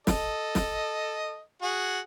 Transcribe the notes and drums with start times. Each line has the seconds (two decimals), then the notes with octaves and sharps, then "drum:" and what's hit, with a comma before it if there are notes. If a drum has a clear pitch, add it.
0.07 A4 D#5, drum: snare
0.55 drum: snare
1.62 F#4 G#4 F#5